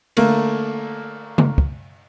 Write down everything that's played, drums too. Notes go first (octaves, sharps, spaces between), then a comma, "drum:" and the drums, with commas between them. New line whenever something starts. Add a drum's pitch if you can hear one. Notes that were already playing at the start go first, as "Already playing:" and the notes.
D3 A3 A#3, drum: cymbal
drum: tom C#3
drum: kick